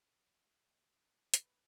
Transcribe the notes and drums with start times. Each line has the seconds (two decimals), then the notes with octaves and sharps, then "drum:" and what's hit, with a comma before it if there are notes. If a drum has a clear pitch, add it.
1.34 B4, drum: hi-hat